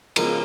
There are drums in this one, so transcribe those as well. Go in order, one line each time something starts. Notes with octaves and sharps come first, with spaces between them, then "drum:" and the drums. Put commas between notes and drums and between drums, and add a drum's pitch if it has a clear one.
C#3 F3 G#3 B3 A#4, drum: cymbal